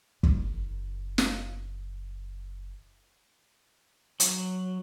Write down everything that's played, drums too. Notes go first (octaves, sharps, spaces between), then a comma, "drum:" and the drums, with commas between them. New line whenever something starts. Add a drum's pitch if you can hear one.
F#1 D#3, drum: kick
drum: snare
F#3, drum: hi-hat